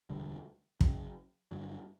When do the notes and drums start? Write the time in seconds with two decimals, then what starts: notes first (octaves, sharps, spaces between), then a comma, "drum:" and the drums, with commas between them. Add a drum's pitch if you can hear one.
0.10 E1 D2 D3 G3
0.81 F#2 C#3 F#3, drum: kick
1.51 G1 G2 D3 F#3